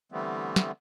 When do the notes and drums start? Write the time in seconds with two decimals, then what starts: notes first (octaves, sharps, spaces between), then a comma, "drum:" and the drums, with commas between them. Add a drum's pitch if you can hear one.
0.12 D3 E3 G3 A3 B3 C4
0.56 drum: snare